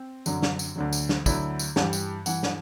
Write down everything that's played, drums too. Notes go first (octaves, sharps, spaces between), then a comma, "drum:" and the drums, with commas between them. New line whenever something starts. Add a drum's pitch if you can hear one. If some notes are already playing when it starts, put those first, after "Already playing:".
Already playing: C4
F#2 D3 F#3, drum: tambourine
drum: snare
drum: tambourine
D2 D3 F#3
drum: tambourine
drum: snare
D2 D3 F#3 E4, drum: kick, tambourine
drum: tambourine
G2 E3 G4, drum: snare
drum: tambourine
G2 E3 F#5, drum: tambourine
drum: snare